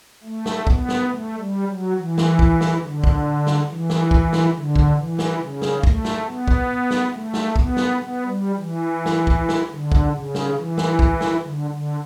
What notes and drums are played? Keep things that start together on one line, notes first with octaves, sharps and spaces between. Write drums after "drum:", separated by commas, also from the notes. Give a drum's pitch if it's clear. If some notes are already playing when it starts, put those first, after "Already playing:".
A3
drum: snare
B3, drum: kick
drum: snare
A3
G3
F#3
E3
drum: snare
drum: kick
drum: snare
D3
drum: kick
drum: snare
E3
drum: snare
drum: kick
drum: snare
D3
drum: kick
E3
drum: snare
C#3
drum: snare
A3, drum: kick
drum: snare
B3
drum: kick
drum: snare
A3
drum: snare
B3, drum: kick
drum: snare
B3
G3
E3
drum: snare
drum: kick
drum: snare
D3
drum: kick
C#3
drum: snare
E3
drum: snare
drum: kick
drum: snare
D3
D3